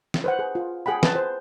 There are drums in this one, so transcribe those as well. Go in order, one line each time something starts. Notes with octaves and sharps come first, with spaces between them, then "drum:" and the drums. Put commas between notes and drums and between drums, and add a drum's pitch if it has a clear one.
drum: snare
B4 C5 F#5
G#4
F4
G#4 F#5 G5 B5
B4 A5, drum: snare
C5